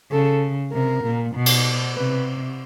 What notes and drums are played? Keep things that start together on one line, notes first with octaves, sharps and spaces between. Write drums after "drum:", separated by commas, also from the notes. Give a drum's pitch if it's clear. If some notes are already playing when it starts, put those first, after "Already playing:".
C#3 A4
C3 A#4
A#2
B2
drum: cymbal
C3 B4